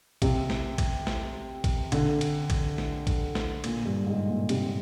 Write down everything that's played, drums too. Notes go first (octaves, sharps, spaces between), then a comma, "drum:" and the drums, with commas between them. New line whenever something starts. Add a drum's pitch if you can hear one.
C3, drum: kick A1, cymbal
drum: snare
drum: kick A1, cymbal
drum: snare
drum: kick A1, cymbal
D3, drum: cymbal
drum: cymbal
drum: kick A1, cymbal
drum: snare
drum: kick A1, cymbal
drum: snare
A#2, drum: cymbal
G2
G#2
A#2
C3, drum: cymbal